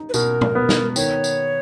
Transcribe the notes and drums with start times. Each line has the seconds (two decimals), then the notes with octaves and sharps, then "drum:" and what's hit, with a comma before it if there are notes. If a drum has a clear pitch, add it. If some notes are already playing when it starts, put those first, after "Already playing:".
Already playing: D#4
0.09 B4
0.14 B2 A#4, drum: tambourine
0.41 drum: tom
0.55 B3
0.69 drum: snare
0.96 D#3 C#5, drum: tambourine
1.24 drum: tambourine